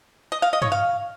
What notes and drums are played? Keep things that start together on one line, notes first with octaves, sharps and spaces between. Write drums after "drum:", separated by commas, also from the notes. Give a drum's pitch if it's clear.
D#5
F5
D#5
C#5, drum: tom G2
F5